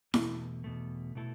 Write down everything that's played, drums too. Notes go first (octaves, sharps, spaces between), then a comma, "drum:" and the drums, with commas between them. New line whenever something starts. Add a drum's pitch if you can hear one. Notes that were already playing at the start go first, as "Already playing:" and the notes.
E2 B2 A3, drum: snare E4
E2 B2 A3
B2 A3 E4 A4